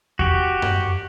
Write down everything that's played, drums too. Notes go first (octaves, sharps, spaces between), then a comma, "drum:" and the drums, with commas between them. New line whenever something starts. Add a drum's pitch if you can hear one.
F#4 G4, drum: kick E2
drum: tom F#2